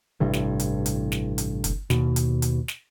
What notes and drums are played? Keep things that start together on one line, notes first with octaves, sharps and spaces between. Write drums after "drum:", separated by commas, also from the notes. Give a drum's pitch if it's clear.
A1 G2 C3 E3
drum: snare
drum: hi-hat
drum: hi-hat
drum: snare
drum: hi-hat
drum: kick, hi-hat
D#2 B2, drum: snare
drum: hi-hat
drum: hi-hat
drum: snare